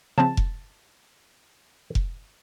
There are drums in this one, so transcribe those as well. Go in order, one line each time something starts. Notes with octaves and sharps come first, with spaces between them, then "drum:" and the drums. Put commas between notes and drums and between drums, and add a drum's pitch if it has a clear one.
C#3 F3 C4 A5
drum: kick F1
drum: kick F1